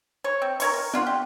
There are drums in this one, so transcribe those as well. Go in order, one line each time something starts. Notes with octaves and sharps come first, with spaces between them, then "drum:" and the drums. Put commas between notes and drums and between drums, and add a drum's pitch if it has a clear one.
C#5
C4
A#4 C#5 C#6, drum: open hi-hat
A#4
D4 F4 F#5, drum: tom B3
G4